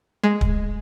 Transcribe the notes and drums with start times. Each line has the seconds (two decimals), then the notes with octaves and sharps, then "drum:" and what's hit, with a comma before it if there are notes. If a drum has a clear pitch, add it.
0.24 G#3
0.41 drum: kick